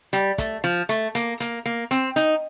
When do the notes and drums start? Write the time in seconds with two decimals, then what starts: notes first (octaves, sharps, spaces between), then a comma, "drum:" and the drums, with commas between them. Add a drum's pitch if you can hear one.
0.13 G3, drum: hi-hat
0.38 A3, drum: kick, hi-hat
0.64 F3
0.89 A3, drum: hi-hat
1.15 A#3, drum: hi-hat
1.40 A#3, drum: hi-hat
1.66 A#3
1.91 C4, drum: hi-hat
2.16 D#4, drum: hi-hat